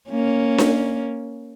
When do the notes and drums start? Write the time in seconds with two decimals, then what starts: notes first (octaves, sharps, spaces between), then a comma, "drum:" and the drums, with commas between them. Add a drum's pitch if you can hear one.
0.10 A#3 C#4
0.58 drum: snare D4